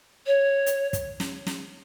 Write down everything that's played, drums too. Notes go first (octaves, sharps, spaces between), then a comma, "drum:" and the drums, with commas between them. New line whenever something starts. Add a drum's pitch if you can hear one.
C#5
drum: hi-hat
drum: kick, hi-hat
drum: snare
drum: snare